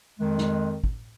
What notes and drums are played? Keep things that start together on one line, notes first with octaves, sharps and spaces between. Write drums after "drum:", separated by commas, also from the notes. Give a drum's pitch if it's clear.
F2 D#3 G#3
drum: snare
drum: kick